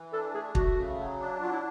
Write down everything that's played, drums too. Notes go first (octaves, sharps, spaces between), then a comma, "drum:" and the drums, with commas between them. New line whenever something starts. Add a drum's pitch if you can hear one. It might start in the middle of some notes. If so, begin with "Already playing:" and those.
Already playing: E3
D4 A4
A3 G#4
A3 F#4, drum: kick
C#3
F#3
D4
F#3 F4
E4